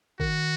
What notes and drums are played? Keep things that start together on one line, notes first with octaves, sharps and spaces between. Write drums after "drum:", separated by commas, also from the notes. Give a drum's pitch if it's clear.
D#3 F#4, drum: kick